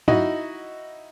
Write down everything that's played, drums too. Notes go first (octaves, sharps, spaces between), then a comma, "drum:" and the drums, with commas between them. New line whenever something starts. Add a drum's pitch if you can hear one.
D#4 E4 F#4 D#5, drum: tom G2